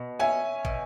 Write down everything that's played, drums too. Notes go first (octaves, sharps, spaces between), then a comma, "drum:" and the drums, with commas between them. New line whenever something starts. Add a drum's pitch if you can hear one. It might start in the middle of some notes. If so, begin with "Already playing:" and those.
Already playing: B2
C#4 E5 G#5
B2, drum: kick